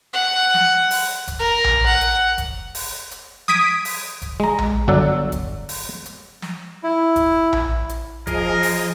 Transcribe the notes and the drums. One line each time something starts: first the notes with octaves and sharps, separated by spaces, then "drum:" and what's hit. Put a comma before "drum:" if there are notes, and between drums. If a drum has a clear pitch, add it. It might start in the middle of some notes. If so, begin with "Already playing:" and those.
F#5
drum: snare
drum: open hi-hat
drum: kick F1, hi-hat
A#4
drum: tom A#1
F#5
drum: hi-hat
drum: kick F1, hi-hat
drum: open hi-hat
drum: hi-hat
D#6 G#6 B6 D7 D#7, drum: snare
drum: open hi-hat
drum: kick F1, hi-hat
G#3 A#5
drum: tom A#1
G1 F#3 D4 A4 F#5
drum: kick F1, hi-hat
drum: open hi-hat
drum: hi-hat
drum: snare
E4
drum: kick F1, hi-hat
drum: tom A#1
drum: hi-hat
F3 G#4 A#4 D#5, drum: kick F1, hi-hat
drum: open hi-hat